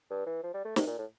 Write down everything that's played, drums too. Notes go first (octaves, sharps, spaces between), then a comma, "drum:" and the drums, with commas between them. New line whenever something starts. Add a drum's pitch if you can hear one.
G2
E3
F3
G3
A3
C3, drum: snare
A#2
A2